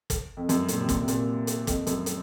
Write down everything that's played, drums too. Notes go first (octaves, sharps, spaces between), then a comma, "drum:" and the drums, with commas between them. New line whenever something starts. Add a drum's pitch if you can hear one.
drum: kick, hi-hat
F2
F#2, drum: hi-hat
A#2, drum: hi-hat
C3
A#2, drum: kick, hi-hat
C3
A#2, drum: hi-hat
drum: hi-hat
F2, drum: kick, hi-hat
F#2, drum: hi-hat
drum: hi-hat